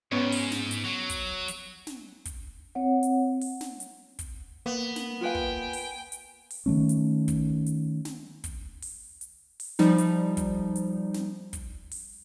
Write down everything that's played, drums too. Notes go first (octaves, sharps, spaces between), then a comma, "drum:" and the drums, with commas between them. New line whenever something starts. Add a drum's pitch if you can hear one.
G#2 B3 C#4 C#5
drum: open hi-hat
drum: snare
drum: hi-hat
F#3
drum: kick, hi-hat
drum: hi-hat
drum: snare
drum: kick, hi-hat
C4 C#5 F#5
drum: hi-hat
drum: open hi-hat
drum: snare
drum: hi-hat
drum: kick, hi-hat
A#3 B3
drum: snare
F4 B4 F5 G5 G#5
drum: kick
drum: open hi-hat
drum: hi-hat
drum: open hi-hat
D#3 F#3 A3 C#4
drum: hi-hat
drum: kick, hi-hat
drum: hi-hat
drum: snare
drum: kick, hi-hat
drum: open hi-hat
drum: hi-hat
drum: open hi-hat
F3 G3 D#4, drum: snare
drum: hi-hat
drum: kick, hi-hat
drum: hi-hat
drum: snare
drum: kick, hi-hat
drum: open hi-hat